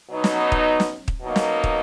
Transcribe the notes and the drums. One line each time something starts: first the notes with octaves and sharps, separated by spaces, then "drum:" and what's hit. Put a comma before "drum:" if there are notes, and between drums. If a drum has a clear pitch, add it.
B2 F#3 B3 D#4
drum: snare
drum: kick
drum: snare
drum: kick
B2 F#3 A#3 D#4
drum: snare
drum: kick